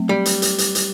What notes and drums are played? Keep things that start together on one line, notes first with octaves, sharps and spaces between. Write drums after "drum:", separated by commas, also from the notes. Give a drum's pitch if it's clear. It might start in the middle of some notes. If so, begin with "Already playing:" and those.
Already playing: F#3 A3 C4
G3
drum: hi-hat
drum: hi-hat
drum: hi-hat
drum: hi-hat